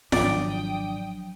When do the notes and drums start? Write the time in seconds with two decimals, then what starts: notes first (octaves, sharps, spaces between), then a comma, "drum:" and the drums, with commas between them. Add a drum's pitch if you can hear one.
0.12 G#1 F3 F#3 D4 D5 G5 D#6, drum: snare